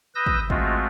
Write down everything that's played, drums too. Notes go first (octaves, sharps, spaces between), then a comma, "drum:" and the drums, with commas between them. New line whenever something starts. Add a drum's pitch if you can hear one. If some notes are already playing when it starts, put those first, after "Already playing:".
B4 D#6 E6 G6 A#6
drum: kick
G#3 A3 C4 F4 F#4, drum: kick